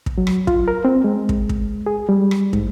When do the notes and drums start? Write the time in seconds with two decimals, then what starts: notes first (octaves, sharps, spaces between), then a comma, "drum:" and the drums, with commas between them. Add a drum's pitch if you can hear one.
0.06 drum: kick
0.18 F#3
0.27 drum: rim click
0.47 F4, drum: kick
0.68 A#4
0.85 C4
1.04 G#3
1.29 drum: kick
1.49 drum: kick
1.86 G#4
2.09 G3
2.31 drum: rim click
2.53 G#2, drum: kick